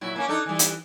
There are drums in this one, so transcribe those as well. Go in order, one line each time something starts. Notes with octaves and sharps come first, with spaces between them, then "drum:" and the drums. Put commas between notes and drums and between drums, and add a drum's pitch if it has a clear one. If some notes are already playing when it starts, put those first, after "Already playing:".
A#2 F#3 E4
A#3 C#4 A#4
D4 D#4 A4
E3 G3
drum: hi-hat